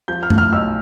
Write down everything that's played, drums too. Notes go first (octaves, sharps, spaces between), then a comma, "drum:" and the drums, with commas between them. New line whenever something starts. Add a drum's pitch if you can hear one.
F3 G6
F6
A2, drum: tom F#2
F6
B1 E6